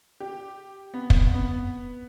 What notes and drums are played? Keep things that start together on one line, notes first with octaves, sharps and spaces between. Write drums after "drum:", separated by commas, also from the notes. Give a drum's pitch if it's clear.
G4
B3
drum: kick
B3